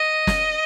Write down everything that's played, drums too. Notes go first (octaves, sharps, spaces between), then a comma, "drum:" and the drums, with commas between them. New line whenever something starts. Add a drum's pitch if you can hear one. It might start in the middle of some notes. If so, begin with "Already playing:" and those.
Already playing: D#5
drum: snare